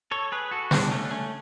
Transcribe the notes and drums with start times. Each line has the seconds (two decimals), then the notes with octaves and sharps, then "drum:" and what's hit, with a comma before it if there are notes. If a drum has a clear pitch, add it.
0.11 A4 C#5
0.32 G#4 B4
0.51 F#4 A4
0.71 B3 D4, drum: snare
0.91 A3 C#4
1.05 D4
1.11 A3 C#4